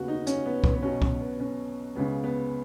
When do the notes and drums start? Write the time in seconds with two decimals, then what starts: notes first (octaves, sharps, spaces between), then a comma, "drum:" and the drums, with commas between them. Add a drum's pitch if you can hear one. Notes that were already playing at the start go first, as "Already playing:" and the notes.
Already playing: D#2 C#3 B3 F#4
0.08 D#4
0.27 C#4, drum: hi-hat
0.46 B3
0.64 B3, drum: kick C2
0.74 B3
0.83 B1 B2 C#4
1.02 C#4, drum: kick C2
1.21 B3
1.40 C#4
1.95 C#2 C#3 B3
2.24 B3